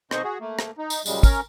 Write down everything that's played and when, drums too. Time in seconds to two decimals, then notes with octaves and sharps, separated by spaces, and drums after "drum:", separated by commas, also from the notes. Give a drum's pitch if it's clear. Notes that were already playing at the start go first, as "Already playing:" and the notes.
0.11 B2 D#3 C4 C5 D#5 C#6, drum: rim click
0.24 F#4 G#4
0.40 A3 A#3
0.59 drum: rim click
0.78 D#4
0.90 drum: tambourine
1.06 F#2 A#2 C#3 G3 G#3, drum: tambourine
1.23 C#4 A#4, drum: kick, tambourine